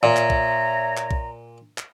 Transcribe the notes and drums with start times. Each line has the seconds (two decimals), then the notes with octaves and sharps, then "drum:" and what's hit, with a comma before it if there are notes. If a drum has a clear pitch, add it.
0.03 A#2 C#5 E5 A#5
0.16 drum: clap
0.30 drum: kick B1
0.97 drum: clap
1.11 drum: kick B1
1.78 drum: clap